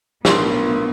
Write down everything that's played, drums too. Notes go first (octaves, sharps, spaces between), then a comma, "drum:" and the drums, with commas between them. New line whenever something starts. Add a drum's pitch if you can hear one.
B1 A2 B3 D4 F4 A#4 C6, drum: snare